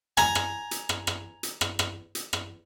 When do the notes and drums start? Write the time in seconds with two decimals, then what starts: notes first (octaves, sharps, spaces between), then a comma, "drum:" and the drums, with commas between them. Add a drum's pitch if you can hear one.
0.17 G#5 A#5, drum: rim click
0.35 drum: rim click
0.71 drum: hi-hat
0.89 drum: rim click
1.07 drum: rim click
1.43 drum: hi-hat
1.61 drum: rim click
1.79 drum: rim click
2.15 drum: hi-hat
2.33 drum: rim click